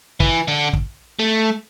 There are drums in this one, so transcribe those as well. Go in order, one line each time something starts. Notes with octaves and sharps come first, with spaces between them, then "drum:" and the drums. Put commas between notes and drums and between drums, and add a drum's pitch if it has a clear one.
E3, drum: kick
D3
drum: kick
A3